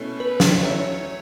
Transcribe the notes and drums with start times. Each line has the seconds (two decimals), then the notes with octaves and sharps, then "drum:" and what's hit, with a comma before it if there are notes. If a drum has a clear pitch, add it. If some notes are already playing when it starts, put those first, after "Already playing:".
Already playing: B2 A3 C#4 E4
0.20 B4
0.40 drum: snare
0.63 F#3 A3 C#4 E4 C#5